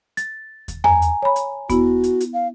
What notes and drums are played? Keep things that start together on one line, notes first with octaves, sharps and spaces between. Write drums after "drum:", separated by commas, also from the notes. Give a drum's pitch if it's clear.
A6, drum: hi-hat
drum: kick D#2, hi-hat
G#5 A#5, drum: tom E2
drum: hi-hat
C#5 B5
drum: hi-hat
B3 E4 F#4, drum: kick D#2, hi-hat
drum: hi-hat
drum: hi-hat
F5